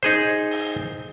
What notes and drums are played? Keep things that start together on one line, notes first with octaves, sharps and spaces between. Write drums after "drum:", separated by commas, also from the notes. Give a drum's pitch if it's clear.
D#4 G#4 C5
drum: open hi-hat